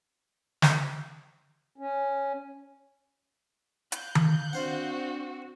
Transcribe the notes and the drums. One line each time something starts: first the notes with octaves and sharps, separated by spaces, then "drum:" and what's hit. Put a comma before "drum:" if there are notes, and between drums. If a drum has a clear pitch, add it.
drum: snare
C#4
F5 F#6 G6, drum: hi-hat
drum: tom D#3
C4 D4 F4 F#4 C5 F#5